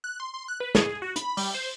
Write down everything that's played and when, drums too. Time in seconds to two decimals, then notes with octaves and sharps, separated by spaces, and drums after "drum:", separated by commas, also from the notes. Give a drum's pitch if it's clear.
0.04 F#6
0.20 C6
0.34 C6
0.48 F#6
0.60 B4
0.75 G#4, drum: snare
1.02 F#4
1.16 B5, drum: hi-hat
1.37 G3, drum: open hi-hat
1.54 C5